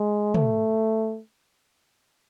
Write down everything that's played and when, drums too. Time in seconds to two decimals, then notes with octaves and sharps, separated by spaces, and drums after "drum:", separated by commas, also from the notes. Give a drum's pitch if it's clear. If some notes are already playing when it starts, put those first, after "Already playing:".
Already playing: G#3
0.34 A3, drum: tom